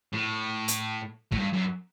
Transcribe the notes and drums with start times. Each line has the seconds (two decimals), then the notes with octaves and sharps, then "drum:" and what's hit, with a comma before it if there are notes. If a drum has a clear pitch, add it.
0.13 A2
0.68 drum: hi-hat
1.32 A2, drum: kick
1.38 G2
1.53 F#2